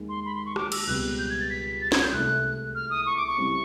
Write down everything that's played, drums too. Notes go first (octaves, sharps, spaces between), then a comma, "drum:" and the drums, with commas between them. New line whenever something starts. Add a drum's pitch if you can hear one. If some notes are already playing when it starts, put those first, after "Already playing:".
Already playing: D#2 D#3 G#3
C6
B5
C6
C#6
D6, drum: rim click
E6, drum: cymbal
C#2 B2 G3 C4 F#6
G6
G#6
A6
B6
A6
G#6, drum: snare
G6
C2 C3 E3 A3 F#6
F6
D#6
C#6
D6
C#6
C#3 E3 G3 C4